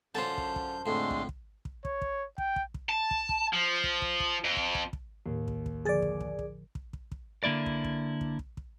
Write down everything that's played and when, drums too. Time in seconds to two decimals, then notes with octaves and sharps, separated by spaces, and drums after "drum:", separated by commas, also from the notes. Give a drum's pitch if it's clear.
0.15 F#2 D3 C#4 F4 C5 A5 G6
0.38 drum: kick
0.56 drum: kick
0.86 F2 A2 D3 G#3 A3 C6
1.10 drum: kick
1.29 drum: kick
1.65 drum: kick
1.85 C#5, drum: kick
2.02 drum: kick
2.38 G5, drum: kick
2.56 drum: kick
2.74 drum: kick
2.89 A5
3.11 drum: kick
3.29 drum: kick
3.53 F3
3.84 drum: kick
4.02 drum: kick
4.20 drum: kick
4.44 F2
4.57 drum: kick
4.75 drum: kick
4.93 drum: kick
5.26 D#2 A2
5.48 drum: kick
5.66 drum: kick
5.85 D3 F3 G#4 D5 A6
6.02 drum: kick
6.20 drum: kick
6.39 drum: kick
6.75 drum: kick
6.93 drum: kick
7.12 drum: kick
7.44 D3 A#3 E4 D5
7.66 drum: kick
7.84 drum: kick
8.21 drum: kick
8.39 drum: kick
8.57 drum: kick